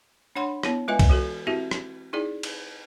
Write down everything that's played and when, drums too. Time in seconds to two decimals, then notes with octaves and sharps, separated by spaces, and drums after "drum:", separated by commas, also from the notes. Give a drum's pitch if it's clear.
0.36 D4 C#5 F#5 B5 C6
0.63 B3 E4 C#5, drum: rim click
0.88 G#3 F4 B4 D#5 E5 G#5
0.99 drum: kick C2, cymbal
1.09 E3 F#4 A4
1.47 C4 E4 F#4 G4 E5
1.71 drum: rim click
2.13 D#4 E4 G#4 D5
2.43 drum: cymbal